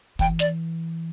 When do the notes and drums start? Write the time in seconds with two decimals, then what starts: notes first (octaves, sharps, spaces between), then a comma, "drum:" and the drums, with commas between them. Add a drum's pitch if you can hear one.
0.19 E3 G5, drum: kick
0.39 D5, drum: snare